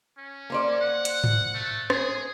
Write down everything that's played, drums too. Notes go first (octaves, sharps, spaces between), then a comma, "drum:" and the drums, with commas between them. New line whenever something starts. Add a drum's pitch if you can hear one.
C#4
A#3 C5 D5
F#5
drum: hi-hat
drum: tom G#2
A3
G#4, drum: rim click